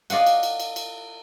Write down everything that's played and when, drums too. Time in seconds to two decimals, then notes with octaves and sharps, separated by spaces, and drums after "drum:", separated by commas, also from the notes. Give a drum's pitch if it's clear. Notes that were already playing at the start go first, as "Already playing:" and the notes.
0.10 D5 D#5 F5 F#5, drum: cymbal
0.26 drum: cymbal
0.43 drum: cymbal
0.60 drum: cymbal
0.76 drum: cymbal